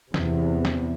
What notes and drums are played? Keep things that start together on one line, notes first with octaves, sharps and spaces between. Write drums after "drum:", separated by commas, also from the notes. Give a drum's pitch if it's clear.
E2 C3, drum: snare
drum: snare